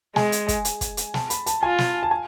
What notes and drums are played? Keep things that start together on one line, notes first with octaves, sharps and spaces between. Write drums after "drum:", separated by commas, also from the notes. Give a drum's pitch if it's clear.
G#3 G#5, drum: snare
drum: hi-hat
drum: kick, hi-hat
drum: hi-hat
drum: kick, hi-hat
drum: hi-hat
A5, drum: snare
B5, drum: hi-hat
A5, drum: hi-hat
F4 G#5
drum: snare
A5
G#5